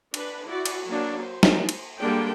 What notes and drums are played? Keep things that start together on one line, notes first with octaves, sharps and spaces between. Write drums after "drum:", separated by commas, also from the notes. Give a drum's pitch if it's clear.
D4 B4, drum: cymbal
E4 F#4 D5
drum: cymbal
F#3 A#3 D4
C5
drum: snare
drum: cymbal
D3 G3 G#3 A#3 D4 G5